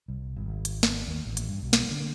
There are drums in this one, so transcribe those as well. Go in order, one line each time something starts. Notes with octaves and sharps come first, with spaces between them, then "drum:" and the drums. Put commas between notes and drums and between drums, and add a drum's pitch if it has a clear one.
C2
G#1
drum: hi-hat
drum: snare
D#2
A1
drum: hi-hat
G2
B1
drum: snare
D3